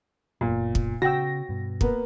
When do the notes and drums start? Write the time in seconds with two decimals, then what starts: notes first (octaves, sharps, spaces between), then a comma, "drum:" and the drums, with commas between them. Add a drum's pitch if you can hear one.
0.41 F#1 A#2 B3
0.75 drum: kick
1.02 C#3 F#4 G5 E6 A#6
1.49 G2 B2
1.81 A#3 B3, drum: kick